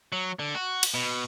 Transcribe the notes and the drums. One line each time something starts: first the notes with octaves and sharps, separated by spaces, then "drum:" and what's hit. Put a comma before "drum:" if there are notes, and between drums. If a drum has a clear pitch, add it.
F#3
D3
F#4
drum: cymbal
B2